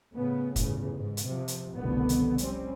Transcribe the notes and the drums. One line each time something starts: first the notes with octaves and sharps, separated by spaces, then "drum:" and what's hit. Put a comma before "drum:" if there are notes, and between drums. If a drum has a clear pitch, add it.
A2 C#3 B3
G1 E2 A2 C#3, drum: kick, hi-hat
G#2
drum: hi-hat
C3 F3
drum: hi-hat
F1 C2 B2 D3 D#3 B3
drum: hi-hat
G3 C4 C#4, drum: hi-hat